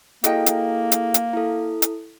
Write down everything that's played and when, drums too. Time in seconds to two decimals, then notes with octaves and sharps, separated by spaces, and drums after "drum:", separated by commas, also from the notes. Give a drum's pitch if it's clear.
0.24 A#3 E4 F#4 G#4 A4 D#5 G5, drum: hi-hat
0.46 drum: hi-hat
0.92 drum: hi-hat
1.14 drum: hi-hat
1.33 E4 A4
1.82 drum: hi-hat